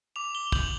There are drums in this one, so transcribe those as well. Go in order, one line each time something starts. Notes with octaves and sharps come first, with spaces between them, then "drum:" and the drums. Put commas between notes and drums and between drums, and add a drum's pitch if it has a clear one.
D6 F7
G7
G6 F#7, drum: kick